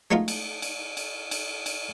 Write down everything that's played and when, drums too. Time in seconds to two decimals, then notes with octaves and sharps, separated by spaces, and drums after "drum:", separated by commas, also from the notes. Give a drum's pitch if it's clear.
0.11 G#3 A3 B3 D#4 F4
0.28 drum: cymbal
0.62 drum: cymbal
0.97 drum: cymbal
1.31 drum: cymbal
1.66 drum: cymbal